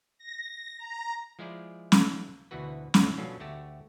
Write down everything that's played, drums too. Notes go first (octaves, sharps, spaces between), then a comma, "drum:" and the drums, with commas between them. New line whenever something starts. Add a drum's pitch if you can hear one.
A#6
A#5
F3 G#3 E4 G#4 C5 D5
drum: snare
D2 B2 E3 F#4 B4
E2 A2 C#3 F3, drum: snare
B2 F#3 C#4 D4 F4 A4
D2 A3 F#4 G4 A5